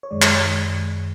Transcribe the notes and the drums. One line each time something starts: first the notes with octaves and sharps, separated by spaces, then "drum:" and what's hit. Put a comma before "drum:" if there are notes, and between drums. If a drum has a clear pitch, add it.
C#5
F#2 D#3 G#3 D5
C#5, drum: clap
C#5